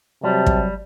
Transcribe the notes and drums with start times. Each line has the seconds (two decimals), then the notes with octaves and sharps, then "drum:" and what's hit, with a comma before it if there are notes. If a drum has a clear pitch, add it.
0.24 C3 F#3 G3 A5
0.46 drum: kick